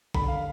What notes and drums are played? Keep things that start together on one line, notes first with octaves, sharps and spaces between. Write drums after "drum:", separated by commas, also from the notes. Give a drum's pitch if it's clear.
D3 B5, drum: kick
F5